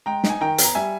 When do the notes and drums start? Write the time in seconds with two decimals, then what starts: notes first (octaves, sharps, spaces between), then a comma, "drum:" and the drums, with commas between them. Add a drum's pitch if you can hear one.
0.06 G#3 G5 A#5
0.24 D#4, drum: snare
0.30 G#5
0.41 D#3 G5 A#5
0.58 B3, drum: hi-hat
0.64 A#5
0.75 G3 E5 G#5